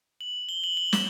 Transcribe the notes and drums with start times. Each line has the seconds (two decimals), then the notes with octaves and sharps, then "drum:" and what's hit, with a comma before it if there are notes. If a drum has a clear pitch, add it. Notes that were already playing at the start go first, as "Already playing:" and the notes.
0.21 F#7
0.49 G7
0.64 F#7
0.77 F#7
0.93 E7, drum: snare